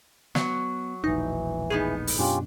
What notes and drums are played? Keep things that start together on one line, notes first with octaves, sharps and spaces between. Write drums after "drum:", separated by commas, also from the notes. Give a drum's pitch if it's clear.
F#3 B3, drum: snare
E1 A#1 E3 D#4
A2 B3 D#4 G#4
drum: open hi-hat
F#2 B2 C#4 D4 F4 G4